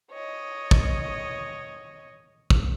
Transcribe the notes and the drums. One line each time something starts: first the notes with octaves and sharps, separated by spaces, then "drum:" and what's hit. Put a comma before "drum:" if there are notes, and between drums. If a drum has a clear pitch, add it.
C#5 D#5
drum: kick
drum: kick